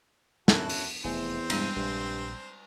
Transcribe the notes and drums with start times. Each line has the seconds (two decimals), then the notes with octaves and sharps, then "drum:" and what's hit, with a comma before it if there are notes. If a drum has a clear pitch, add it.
0.48 B3 C#4 D4 E4 F#4 A4 A#4, drum: snare
0.70 drum: open hi-hat
1.04 F1 E2 A3 C4 C5 G#5
1.50 G2 B2 G3 G#3 D4, drum: cymbal
1.76 A#1 G2